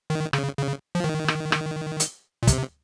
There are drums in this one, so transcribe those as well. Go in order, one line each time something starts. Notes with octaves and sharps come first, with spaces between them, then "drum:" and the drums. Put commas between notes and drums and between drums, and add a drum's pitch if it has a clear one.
D#3
C#3, drum: rim click
C#3
F3
D#3
drum: rim click
drum: rim click
drum: hi-hat
A#2
C3, drum: kick, hi-hat